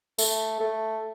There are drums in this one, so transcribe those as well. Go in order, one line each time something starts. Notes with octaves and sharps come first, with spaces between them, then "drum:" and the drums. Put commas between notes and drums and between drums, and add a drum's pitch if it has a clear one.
A3, drum: tambourine
A3